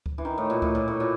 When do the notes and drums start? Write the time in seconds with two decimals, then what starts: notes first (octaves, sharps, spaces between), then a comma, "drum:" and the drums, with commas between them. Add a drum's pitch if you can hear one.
0.06 drum: kick C#2
0.18 E3
0.25 D#3
0.38 A2
0.50 A#2
0.62 A2, drum: kick C#2
0.75 A#2
0.88 A2
1.00 A#2